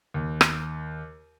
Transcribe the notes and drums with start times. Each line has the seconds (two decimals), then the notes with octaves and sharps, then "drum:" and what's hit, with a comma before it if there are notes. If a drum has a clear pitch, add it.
0.14 D#2
0.41 drum: rim click